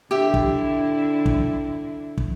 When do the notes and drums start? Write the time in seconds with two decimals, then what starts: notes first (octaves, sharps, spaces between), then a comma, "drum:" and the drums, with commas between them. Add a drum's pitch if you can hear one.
0.11 D3 E4 G4 E5
0.34 drum: kick
1.26 drum: kick
2.17 drum: kick